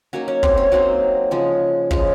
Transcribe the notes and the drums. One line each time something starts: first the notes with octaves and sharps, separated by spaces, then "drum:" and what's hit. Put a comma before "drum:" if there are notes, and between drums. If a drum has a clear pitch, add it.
F#3 A#3 C#4 D#4 C#5
C#4 C#5
C4 C5, drum: kick
C#4 C#5
F#3 A#3 C4 D#4 C5
C#3 F3 G#3
C#3 F3 G#3, drum: kick